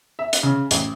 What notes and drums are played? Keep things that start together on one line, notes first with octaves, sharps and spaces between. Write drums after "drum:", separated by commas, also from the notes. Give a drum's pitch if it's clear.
E5
drum: hi-hat
C#3
A1, drum: hi-hat